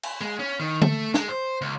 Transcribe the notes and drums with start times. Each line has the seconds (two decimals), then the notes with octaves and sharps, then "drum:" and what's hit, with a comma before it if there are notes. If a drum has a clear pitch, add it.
0.03 drum: cymbal
0.21 G#3
0.39 C#4
0.60 D#3
0.82 A3, drum: tom D3
1.14 G#3, drum: snare
1.29 C5
1.61 C#2